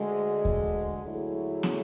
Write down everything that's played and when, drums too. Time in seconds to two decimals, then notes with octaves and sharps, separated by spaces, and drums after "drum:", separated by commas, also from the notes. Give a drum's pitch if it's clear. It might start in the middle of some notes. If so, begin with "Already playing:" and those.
Already playing: D2 D3 G#3
0.45 drum: kick D#2
1.04 D3 F#3 A3 E4 G#4
1.63 drum: snare